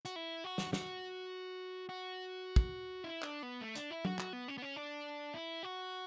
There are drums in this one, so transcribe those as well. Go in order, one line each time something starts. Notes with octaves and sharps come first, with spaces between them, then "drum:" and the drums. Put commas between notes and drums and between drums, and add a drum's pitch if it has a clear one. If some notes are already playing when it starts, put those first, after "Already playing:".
F#4, drum: hi-hat
E4
F#4
drum: snare
F#4, drum: snare
F#4
drum: kick
E4
D4, drum: clap
B3
A3
D4, drum: hi-hat
E4
F#4, drum: tom F#3
F#4, drum: clap
B3
C#4
B3
C#4
D4
E4
F#4